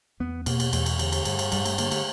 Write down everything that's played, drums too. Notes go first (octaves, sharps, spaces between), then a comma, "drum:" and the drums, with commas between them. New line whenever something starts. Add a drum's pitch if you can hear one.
E2 B3
B2 A#3, drum: cymbal
drum: cymbal
E2 A3, drum: cymbal
drum: cymbal
D3, drum: cymbal
drum: cymbal
G2, drum: cymbal
drum: cymbal
G2 G3, drum: cymbal
A3, drum: cymbal
D3 A#3, drum: cymbal
A3, drum: cymbal